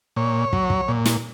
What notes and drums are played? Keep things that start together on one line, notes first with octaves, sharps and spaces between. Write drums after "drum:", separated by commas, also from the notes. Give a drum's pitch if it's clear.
A#2 C#5
F#3, drum: kick
drum: kick
A#2
drum: snare